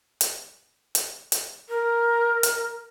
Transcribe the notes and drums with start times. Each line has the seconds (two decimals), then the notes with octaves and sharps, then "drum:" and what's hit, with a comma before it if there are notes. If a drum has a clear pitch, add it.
0.21 drum: hi-hat
0.95 drum: hi-hat
1.32 drum: hi-hat
1.69 A#4
2.43 drum: hi-hat